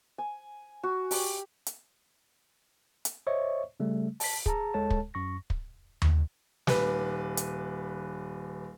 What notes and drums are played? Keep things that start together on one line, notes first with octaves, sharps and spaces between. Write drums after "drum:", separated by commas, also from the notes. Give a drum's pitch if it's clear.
G#5
F#4
G4, drum: open hi-hat
drum: hi-hat
drum: hi-hat
C5 C#5 D#5 E5 C#6
C#3 G3 A3
A5 B6, drum: open hi-hat
G#4 A5 A#5, drum: kick
D2 G#3 A4 C#5 A5
drum: kick
F#2 C#6 A#6
drum: kick
drum: tom D#2
D#1 B4, drum: snare
drum: hi-hat